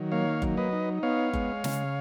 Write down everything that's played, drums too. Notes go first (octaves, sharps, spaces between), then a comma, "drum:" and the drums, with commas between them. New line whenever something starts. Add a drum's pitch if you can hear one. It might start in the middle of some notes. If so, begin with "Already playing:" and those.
Already playing: D#3 F#3
A#3 C#5 F5
F#3, drum: kick F#1
B4 D#5
D#4
B3 C#5 F5
G#3, drum: kick F#1
C#3, drum: snare